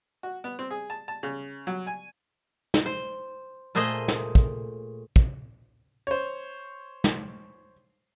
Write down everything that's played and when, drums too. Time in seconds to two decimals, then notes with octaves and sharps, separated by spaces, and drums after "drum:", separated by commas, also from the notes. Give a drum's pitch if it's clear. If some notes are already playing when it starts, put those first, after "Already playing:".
0.23 F#4
0.44 B3
0.59 C4
0.71 G#4
0.90 A5
1.08 A5
1.23 C#3
1.67 F#3
1.87 G#5
2.74 drum: snare
2.86 C5
3.75 A#2 A3 G#4 C5 D#5
4.08 drum: snare
4.35 drum: kick
5.16 drum: kick
6.07 C5 C#5
7.04 drum: snare